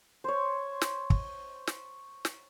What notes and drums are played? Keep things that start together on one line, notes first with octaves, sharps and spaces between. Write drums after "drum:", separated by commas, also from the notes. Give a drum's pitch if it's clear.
C5 C#5
drum: snare
drum: kick
drum: snare
drum: snare